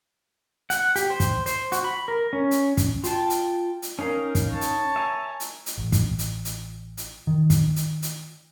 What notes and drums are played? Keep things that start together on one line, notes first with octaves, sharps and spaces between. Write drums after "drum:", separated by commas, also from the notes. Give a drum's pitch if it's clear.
F#5, drum: hi-hat
G4, drum: hi-hat
C5
drum: kick, hi-hat
C5, drum: hi-hat
F#4, drum: hi-hat
B5
A#4
C#4
drum: hi-hat
drum: kick, hi-hat
F4 G5 A5, drum: hi-hat
drum: hi-hat
drum: hi-hat
C#4 D#4 A#4 F5
drum: kick, hi-hat
C#5 A5
drum: hi-hat
E5 G#5 A#5
drum: hi-hat
drum: hi-hat
A1
drum: kick, hi-hat
drum: hi-hat
drum: hi-hat
drum: hi-hat
D#3
drum: kick, hi-hat
drum: hi-hat
drum: hi-hat